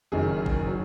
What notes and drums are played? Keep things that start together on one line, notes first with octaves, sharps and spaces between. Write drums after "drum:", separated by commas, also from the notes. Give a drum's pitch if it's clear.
F#1 F#2 D#3 F#3 G#4
drum: kick
F#3